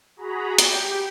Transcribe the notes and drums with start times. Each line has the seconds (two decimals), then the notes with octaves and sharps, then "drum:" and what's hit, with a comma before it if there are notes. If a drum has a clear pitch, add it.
0.16 F#4 G#4 A#5 B5
0.58 G4 G5, drum: hi-hat